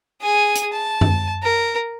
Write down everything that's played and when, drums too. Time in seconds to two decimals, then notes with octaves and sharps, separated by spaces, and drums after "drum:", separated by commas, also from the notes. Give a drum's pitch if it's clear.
0.22 G#4 G#5
0.55 drum: hi-hat
0.73 A5
1.01 drum: tom F#2
1.43 A#4